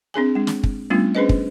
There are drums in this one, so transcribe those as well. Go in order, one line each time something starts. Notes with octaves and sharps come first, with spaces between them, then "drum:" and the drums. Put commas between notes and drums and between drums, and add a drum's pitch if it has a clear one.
C4 D4 G#4 G#5
G#3 D4
drum: snare
drum: kick
G3 A3 B3 C#4 D4 F4
C#4 D4 G#4 B4 C5 D#5
drum: kick